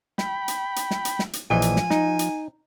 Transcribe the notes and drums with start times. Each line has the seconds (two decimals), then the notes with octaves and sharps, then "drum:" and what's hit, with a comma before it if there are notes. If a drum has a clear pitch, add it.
0.18 G5 B5, drum: snare
0.48 drum: hi-hat
0.76 drum: hi-hat
0.91 drum: snare
1.05 drum: hi-hat
1.19 drum: snare
1.33 drum: hi-hat
1.50 A#1 E3 F3 D#5 G#5
1.62 drum: hi-hat
1.76 drum: snare
1.90 D#4, drum: snare
2.19 drum: hi-hat